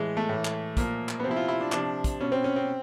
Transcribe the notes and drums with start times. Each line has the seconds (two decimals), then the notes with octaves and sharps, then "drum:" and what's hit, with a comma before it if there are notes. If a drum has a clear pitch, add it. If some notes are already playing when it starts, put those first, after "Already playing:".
Already playing: A2 E3 G#3
0.17 A3
0.29 A2 E3
0.45 drum: clap
0.77 A#2 F3 A#3, drum: kick, hi-hat
1.09 drum: clap
1.20 B3
1.24 C3 F3 C4
1.31 E4
1.36 F4
1.48 E4
1.61 D4
1.72 C3 F3 D4, drum: clap
2.04 drum: kick, hi-hat
2.20 B2 C#4
2.32 C4
2.44 C#4
2.56 C4